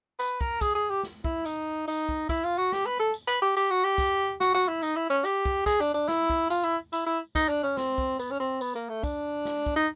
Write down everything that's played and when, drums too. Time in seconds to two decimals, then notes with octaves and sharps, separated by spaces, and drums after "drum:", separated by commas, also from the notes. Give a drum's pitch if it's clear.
0.19 B4, drum: tambourine
0.41 A#4, drum: kick
0.61 G#4, drum: kick, tambourine
0.75 G#4
0.90 G4
1.03 drum: snare
1.24 E4, drum: kick
1.46 D#4, drum: tambourine
1.88 D#4, drum: tambourine
2.09 drum: kick
2.29 E4, drum: kick, tambourine
2.44 F4
2.58 F#4
2.72 G4, drum: snare
2.85 B4
3.00 A4
3.14 drum: tambourine
3.28 B4
3.42 G4
3.56 G4, drum: tambourine
3.71 F#4
3.84 G4
3.98 drum: kick, tambourine
4.41 F#4, drum: snare
4.54 F#4
4.68 E4
4.82 D#4, drum: tambourine
4.96 E4
5.10 C#4
5.25 G4, drum: tambourine
5.45 drum: kick
5.66 G#4, drum: kick, tambourine
5.81 D4
5.94 D4
6.08 E4, drum: snare
6.30 drum: kick
6.50 F4, drum: tambourine
6.64 E4
6.93 E4, drum: tambourine
7.07 E4
7.35 D#4, drum: kick, tambourine
7.49 D4
7.63 C#4
7.77 C4, drum: snare
7.98 drum: kick
8.19 B3, drum: tambourine
8.31 C#4
8.40 C4
8.61 B3, drum: tambourine
8.75 A#3
8.89 A3
9.03 D4, drum: kick, tambourine
9.45 drum: snare
9.66 drum: kick
9.76 D#4